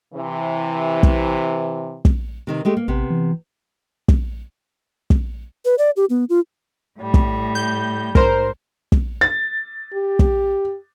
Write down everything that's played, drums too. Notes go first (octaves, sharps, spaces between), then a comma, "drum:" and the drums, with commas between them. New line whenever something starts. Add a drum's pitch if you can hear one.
C3 E3
drum: kick
drum: kick
C3 D#3 C4
G#3 A3 G4
A#3
A1 C3 B3
E3
drum: kick
drum: kick
B4
D5
G4
B3
F4
A2 G3
drum: kick
G6
G#2 A#4 C5, drum: kick
drum: kick
A6
G4
drum: kick